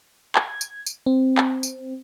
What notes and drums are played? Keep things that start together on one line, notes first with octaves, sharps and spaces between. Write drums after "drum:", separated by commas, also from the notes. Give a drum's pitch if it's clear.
G#6, drum: clap
drum: tambourine
drum: tambourine
C4
drum: clap
drum: tambourine